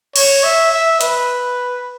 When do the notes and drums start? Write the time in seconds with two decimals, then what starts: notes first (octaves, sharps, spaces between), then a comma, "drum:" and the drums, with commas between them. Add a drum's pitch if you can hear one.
0.16 C#5, drum: cymbal
0.44 E5
0.72 E5
1.01 B4, drum: hi-hat